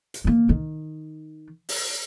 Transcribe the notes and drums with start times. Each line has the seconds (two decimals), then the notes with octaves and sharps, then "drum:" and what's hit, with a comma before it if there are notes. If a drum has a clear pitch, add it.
0.14 drum: hi-hat
0.24 D#3 A#3
0.49 D#3
1.69 drum: open hi-hat